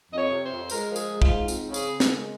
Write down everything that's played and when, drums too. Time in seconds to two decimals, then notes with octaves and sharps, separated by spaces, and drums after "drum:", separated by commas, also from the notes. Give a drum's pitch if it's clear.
0.12 F2 D#5
0.18 C#5
0.31 C3
0.45 C5
0.51 F2
0.70 G#3 A#4, drum: tambourine
0.89 F3
0.96 G#4, drum: tambourine
1.09 G#3
1.22 F4, drum: kick
1.29 G#2
1.48 C4, drum: tambourine
1.68 C#3
1.74 G#4, drum: tambourine
1.87 C#3
2.00 A#4, drum: snare
2.07 G#3